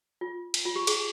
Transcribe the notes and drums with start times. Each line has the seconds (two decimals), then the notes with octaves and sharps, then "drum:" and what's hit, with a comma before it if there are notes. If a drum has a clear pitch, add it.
0.21 F4
0.54 drum: cymbal
0.65 F4
0.76 G4
0.87 G#4, drum: cymbal